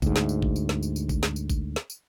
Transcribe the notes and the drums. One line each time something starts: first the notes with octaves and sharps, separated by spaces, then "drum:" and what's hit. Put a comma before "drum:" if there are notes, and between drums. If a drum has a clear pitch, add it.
D2 G#2, drum: kick G#1, tambourine
drum: snare
drum: tambourine
drum: kick G#1
drum: tambourine
drum: snare
drum: tambourine
drum: tambourine
drum: kick G#1, tambourine
drum: snare
drum: tambourine
drum: kick G#1, tambourine
drum: snare
drum: tambourine